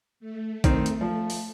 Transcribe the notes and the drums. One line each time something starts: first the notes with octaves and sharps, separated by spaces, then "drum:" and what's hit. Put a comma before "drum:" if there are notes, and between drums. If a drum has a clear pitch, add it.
A3
D#3 C4 D#4, drum: kick A#1, hi-hat
drum: hi-hat
F3
drum: open hi-hat